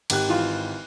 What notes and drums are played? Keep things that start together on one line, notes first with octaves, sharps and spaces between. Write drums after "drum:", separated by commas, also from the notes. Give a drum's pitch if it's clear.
G#1 G4 F#6, drum: cymbal
E3 F4